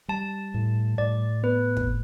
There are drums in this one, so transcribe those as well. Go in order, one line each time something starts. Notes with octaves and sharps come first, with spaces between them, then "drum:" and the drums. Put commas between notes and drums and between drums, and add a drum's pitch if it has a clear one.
G3 A5
A2
A2 D5
B3 B4
drum: kick